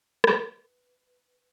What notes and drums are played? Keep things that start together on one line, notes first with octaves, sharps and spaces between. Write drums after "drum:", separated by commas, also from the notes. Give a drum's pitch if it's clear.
B4, drum: rim click